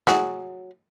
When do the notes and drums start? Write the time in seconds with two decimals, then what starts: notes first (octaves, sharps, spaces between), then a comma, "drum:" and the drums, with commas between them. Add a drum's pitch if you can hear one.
0.07 F#3 F#4 G#4, drum: snare